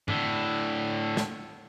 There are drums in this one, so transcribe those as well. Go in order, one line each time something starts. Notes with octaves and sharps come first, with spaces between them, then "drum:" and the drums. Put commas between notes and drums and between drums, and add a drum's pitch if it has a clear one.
A2 D3, drum: tom G2
drum: snare